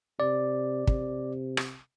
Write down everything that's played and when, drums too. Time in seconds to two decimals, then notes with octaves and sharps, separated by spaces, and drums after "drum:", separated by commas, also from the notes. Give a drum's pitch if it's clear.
0.20 C3 D5
0.87 C3, drum: kick
1.57 drum: rim click